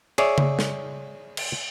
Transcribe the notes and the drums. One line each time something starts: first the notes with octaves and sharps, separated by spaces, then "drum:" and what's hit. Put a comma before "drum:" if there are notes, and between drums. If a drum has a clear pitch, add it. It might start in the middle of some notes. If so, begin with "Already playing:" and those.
G#4 C#5 D5 E5, drum: cymbal
drum: tom C#3
drum: snare
drum: cymbal